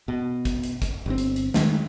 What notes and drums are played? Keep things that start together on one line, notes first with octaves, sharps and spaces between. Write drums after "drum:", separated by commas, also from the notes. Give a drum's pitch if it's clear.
B2
drum: kick, hi-hat
drum: hi-hat
drum: kick, hi-hat
G1 C4
drum: hi-hat
drum: hi-hat
D#3 F3 G#3 A3, drum: snare